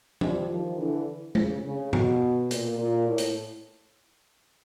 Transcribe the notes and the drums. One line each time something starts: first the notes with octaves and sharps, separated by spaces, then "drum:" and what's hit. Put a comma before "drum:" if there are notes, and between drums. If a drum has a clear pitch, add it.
F3 G3, drum: tom
D#3 F3
D3 E3
C#3, drum: tom G#3
C#3
B2, drum: tom G2
A#2, drum: hi-hat
A#2
A2
drum: hi-hat